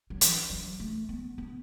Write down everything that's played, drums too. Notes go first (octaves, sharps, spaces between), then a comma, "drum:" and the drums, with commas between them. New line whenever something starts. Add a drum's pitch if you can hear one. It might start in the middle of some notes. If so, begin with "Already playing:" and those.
F#3
E3, drum: hi-hat
F#3
A3
B3
B3